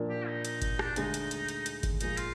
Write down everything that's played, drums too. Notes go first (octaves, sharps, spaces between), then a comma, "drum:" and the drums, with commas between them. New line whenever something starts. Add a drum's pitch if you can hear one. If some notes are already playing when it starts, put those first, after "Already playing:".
Already playing: A#2 F3 A#3 D4
G4
D#4
D#4, drum: hi-hat
D#4, drum: kick G1, hi-hat
D4, drum: rim click
D2 D3 G#3 D#4, drum: hi-hat
drum: hi-hat
drum: hi-hat
drum: hi-hat
drum: hi-hat
drum: kick G1, hi-hat
A#2 F3 G#3 D#4, drum: hi-hat
F4, drum: hi-hat